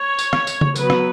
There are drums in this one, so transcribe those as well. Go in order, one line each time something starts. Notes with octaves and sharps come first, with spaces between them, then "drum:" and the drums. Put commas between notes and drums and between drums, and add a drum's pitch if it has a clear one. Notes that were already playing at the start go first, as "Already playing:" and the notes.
Already playing: C#5
drum: tambourine
drum: rim click
drum: tambourine
drum: tom C#3
F#3 B3 B4, drum: tambourine
drum: rim click